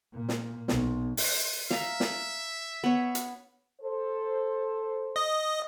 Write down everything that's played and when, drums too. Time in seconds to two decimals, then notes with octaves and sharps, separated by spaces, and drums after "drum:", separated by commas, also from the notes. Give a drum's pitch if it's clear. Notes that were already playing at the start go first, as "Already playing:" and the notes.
0.14 A#2
0.29 drum: snare
0.68 B1, drum: snare
1.17 drum: open hi-hat
1.71 E5 F5 A#5, drum: snare
2.00 drum: snare
2.84 B3 C#5
3.15 drum: hi-hat
3.81 A4 C5
5.16 D#5